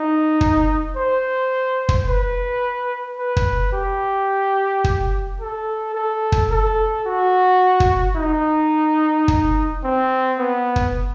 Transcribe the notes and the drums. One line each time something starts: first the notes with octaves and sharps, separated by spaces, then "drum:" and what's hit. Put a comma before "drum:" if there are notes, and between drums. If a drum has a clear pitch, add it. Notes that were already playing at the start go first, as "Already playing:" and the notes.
Already playing: D#4
drum: kick
C5
drum: kick
B4
B4
drum: kick
G4
drum: kick
A4
A4
drum: kick
A4
F#4
drum: kick
D#4
drum: kick
C4
B3
drum: kick